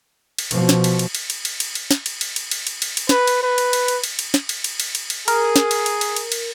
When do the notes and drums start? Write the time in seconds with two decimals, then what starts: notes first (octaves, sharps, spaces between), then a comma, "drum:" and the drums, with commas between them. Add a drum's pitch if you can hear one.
0.39 drum: cymbal
0.51 B2 F3, drum: cymbal
0.69 drum: snare
0.84 drum: cymbal
0.99 drum: cymbal
1.15 drum: cymbal
1.30 drum: cymbal
1.45 drum: cymbal
1.60 drum: cymbal
1.75 drum: cymbal
1.91 drum: snare
2.06 drum: cymbal
2.21 drum: cymbal
2.36 drum: cymbal
2.51 drum: cymbal
2.67 drum: cymbal
2.82 drum: cymbal
2.97 drum: cymbal
3.09 B4, drum: snare
3.27 drum: cymbal
3.43 B4
3.58 drum: cymbal
3.73 drum: cymbal
3.88 drum: cymbal
4.04 drum: cymbal
4.19 drum: cymbal
4.34 drum: snare
4.49 drum: cymbal
4.64 drum: cymbal
4.80 drum: cymbal
4.95 drum: cymbal
5.10 drum: cymbal
5.28 G#4 A#4, drum: cymbal
5.56 drum: snare
5.71 drum: cymbal
5.86 drum: cymbal
6.01 drum: cymbal
6.16 drum: cymbal
6.32 drum: cymbal